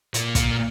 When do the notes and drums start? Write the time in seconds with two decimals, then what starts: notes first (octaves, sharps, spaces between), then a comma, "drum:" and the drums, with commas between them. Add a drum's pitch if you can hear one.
0.14 A#2, drum: hi-hat
0.35 drum: kick, hi-hat